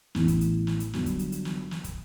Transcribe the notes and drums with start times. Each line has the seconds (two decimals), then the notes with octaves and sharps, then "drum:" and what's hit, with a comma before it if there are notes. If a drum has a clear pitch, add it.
0.15 A1 A2 E3 B3, drum: snare
0.28 drum: kick, hi-hat
0.41 drum: hi-hat
0.67 drum: snare
0.80 drum: hi-hat
0.93 G1 G2 F#3 B3 D4, drum: snare
1.06 drum: kick, hi-hat
1.19 drum: hi-hat
1.32 drum: hi-hat
1.45 drum: snare
1.71 drum: snare
1.84 drum: kick, hi-hat